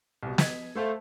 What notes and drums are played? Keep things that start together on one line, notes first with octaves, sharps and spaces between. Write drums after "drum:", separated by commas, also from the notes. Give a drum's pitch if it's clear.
C2 B2
D#5 G#6 B6, drum: snare
A3 A4 C5 F5